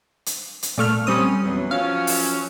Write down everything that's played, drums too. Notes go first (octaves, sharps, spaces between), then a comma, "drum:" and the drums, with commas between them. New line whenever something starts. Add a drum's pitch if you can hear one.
drum: hi-hat
drum: hi-hat
A#2 A3 F6
G3 C4 C#4 D#6
E2 F#3
F3 F#3 C#4 F5
drum: open hi-hat